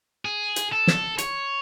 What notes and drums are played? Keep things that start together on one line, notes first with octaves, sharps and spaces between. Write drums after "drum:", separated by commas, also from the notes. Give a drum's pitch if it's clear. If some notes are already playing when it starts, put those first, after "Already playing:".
G#4
drum: hi-hat
A4
drum: snare
C#5, drum: hi-hat